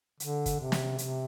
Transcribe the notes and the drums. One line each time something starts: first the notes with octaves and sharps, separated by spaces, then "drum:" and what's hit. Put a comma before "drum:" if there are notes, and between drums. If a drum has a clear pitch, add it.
D3, drum: hi-hat
drum: kick, hi-hat
C3
drum: snare
C3, drum: hi-hat